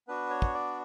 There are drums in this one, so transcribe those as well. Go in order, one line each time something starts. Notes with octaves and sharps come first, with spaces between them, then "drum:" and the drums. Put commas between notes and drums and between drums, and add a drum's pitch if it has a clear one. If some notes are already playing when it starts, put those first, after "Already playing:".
B3 D4 F#4 B4
C#5
drum: kick
D5